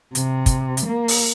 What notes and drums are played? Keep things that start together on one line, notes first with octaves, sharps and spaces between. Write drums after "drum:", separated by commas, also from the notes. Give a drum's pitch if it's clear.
C3, drum: hi-hat
drum: kick, hi-hat
drum: hi-hat
A#3
drum: open hi-hat